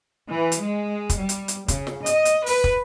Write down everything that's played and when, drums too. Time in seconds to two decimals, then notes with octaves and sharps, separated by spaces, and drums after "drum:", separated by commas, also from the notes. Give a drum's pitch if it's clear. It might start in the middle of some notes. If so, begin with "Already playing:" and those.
0.30 E3
0.52 drum: hi-hat
0.61 G#3
1.09 drum: kick, hi-hat
1.19 G3
1.29 drum: hi-hat
1.48 drum: hi-hat
1.68 C#3, drum: kick, hi-hat
1.87 drum: snare
2.06 D#5, drum: hi-hat
2.25 drum: hi-hat
2.46 B4, drum: open hi-hat
2.64 drum: kick